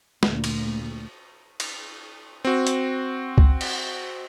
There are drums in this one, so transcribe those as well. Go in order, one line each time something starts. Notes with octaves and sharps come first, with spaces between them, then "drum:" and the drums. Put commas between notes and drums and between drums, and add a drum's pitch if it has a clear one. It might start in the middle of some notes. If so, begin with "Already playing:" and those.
D2 A#2, drum: snare
drum: cymbal
drum: cymbal
C4 F#4
drum: hi-hat
drum: kick C#2
drum: cymbal